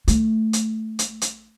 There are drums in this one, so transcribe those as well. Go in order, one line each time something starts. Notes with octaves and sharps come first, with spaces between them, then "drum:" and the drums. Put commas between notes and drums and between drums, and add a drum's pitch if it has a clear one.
A3, drum: hi-hat
drum: hi-hat
drum: hi-hat
drum: hi-hat